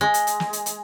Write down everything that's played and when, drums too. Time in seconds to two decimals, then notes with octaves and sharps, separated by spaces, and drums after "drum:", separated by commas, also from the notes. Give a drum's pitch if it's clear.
0.01 G#3
0.14 drum: hi-hat
0.27 drum: hi-hat
0.40 drum: snare
0.53 drum: hi-hat
0.66 drum: hi-hat